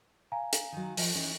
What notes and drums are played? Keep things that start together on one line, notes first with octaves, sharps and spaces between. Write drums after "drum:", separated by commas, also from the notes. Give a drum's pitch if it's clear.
F5 G#5 A#5
drum: hi-hat
D#3 F#3
F3, drum: open hi-hat
E3 C#4 D#4